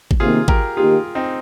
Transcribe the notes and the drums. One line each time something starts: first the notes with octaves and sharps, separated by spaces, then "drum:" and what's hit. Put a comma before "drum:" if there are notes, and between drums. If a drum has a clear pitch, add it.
drum: kick G#1
C3 D#3 A#3 F4 G#4
G4 A#4, drum: kick G#1
D#3 A#3 D#4 F4 G4 G#4
C4 D#4